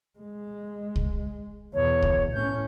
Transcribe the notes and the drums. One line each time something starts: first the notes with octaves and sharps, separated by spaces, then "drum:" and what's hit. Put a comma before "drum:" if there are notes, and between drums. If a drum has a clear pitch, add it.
G#3
drum: kick C2
E2 B2 C#5
drum: kick C2
A2 C#4 G6